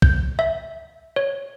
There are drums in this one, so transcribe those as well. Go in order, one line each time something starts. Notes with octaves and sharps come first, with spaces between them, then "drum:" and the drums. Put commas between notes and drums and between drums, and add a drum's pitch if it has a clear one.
G6, drum: kick
E5
C#5